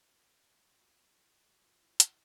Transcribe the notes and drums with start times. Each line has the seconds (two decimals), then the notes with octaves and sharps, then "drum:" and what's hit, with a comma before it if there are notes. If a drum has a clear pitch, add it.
0.04 F#4
0.64 F#4
0.75 F4
1.47 F#4
1.64 F4
1.82 E4
2.00 D#4, drum: hi-hat